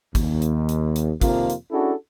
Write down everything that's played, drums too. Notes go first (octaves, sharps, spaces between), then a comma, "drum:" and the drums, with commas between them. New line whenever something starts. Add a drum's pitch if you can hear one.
D#2, drum: kick, hi-hat
drum: hi-hat
drum: hi-hat
drum: hi-hat
F2 C3 D#3 F3 A#3 F4, drum: kick, hi-hat
drum: hi-hat
C#4 D4 E4 F#4 G#4 A4